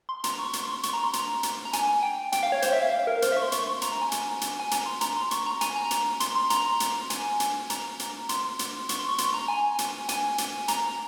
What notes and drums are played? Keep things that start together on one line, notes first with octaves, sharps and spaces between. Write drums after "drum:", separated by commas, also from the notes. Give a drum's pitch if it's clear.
C6
A#5, drum: hi-hat
C#6
C6, drum: hi-hat
C#6
C6
C#6, drum: hi-hat
A#5
C6
A#5, drum: hi-hat
drum: hi-hat
A#5
G#5, drum: hi-hat
G5
G5, drum: hi-hat
F5
C#5
C5, drum: hi-hat
E5
F5
F5
A#4
C5, drum: hi-hat
E5
C#6
C6
C#6, drum: hi-hat
C6
A#5, drum: hi-hat
A#5
G#5
drum: hi-hat
drum: hi-hat
G#5
A#5, drum: hi-hat
C6
A#5, drum: hi-hat
C6
C#6, drum: hi-hat
A#5
G#5, drum: hi-hat
A#5
drum: hi-hat
C6, drum: hi-hat
C6
A#5, drum: hi-hat
drum: hi-hat
G#5, drum: hi-hat
drum: hi-hat
A#5, drum: hi-hat
drum: hi-hat
C6, drum: hi-hat
drum: hi-hat
C#6, drum: hi-hat
C6
C#6
C6, drum: hi-hat
A#5
G#5
drum: hi-hat
G#5, drum: hi-hat
drum: hi-hat
A#5, drum: hi-hat